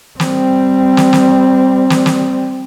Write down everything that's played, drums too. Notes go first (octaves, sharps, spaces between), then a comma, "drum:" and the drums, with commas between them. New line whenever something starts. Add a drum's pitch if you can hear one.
G3 C4, drum: snare
drum: snare
drum: snare
drum: snare
drum: snare